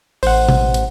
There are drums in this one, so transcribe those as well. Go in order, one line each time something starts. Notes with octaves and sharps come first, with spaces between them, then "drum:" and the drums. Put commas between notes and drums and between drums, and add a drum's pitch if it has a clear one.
A1 C5 F#5, drum: open hi-hat
drum: tom B2
drum: hi-hat